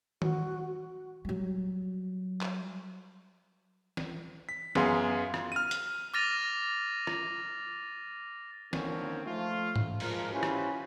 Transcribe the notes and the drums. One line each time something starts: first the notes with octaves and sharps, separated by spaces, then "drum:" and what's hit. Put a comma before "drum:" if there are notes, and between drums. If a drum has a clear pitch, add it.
F#4, drum: tom D#3
F#3 G3
drum: clap
drum: snare
B6
F#2 B3 G#4 F5 C6, drum: snare
drum: rim click
F6 D#7
drum: hi-hat
D6 F6 A6 A#6 D#7 F7
drum: rim click
D3 D#3 F3 A#3 C4 C#4, drum: snare
F3 A3 F4
drum: tom
A#2 F3 G#3 F4 A#4, drum: cymbal
C#4 E4 F4 G4 B4 C5
drum: rim click